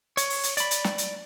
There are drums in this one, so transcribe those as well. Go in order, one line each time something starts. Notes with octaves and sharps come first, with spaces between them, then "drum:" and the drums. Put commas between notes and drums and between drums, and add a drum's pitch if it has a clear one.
C#5, drum: hi-hat
drum: open hi-hat
drum: hi-hat
D5 B5, drum: hi-hat
drum: hi-hat
drum: snare
drum: hi-hat